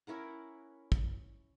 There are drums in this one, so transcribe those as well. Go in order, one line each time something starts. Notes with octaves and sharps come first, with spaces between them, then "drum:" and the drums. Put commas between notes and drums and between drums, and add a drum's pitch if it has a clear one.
C#4 E4 A#4 F#5
drum: kick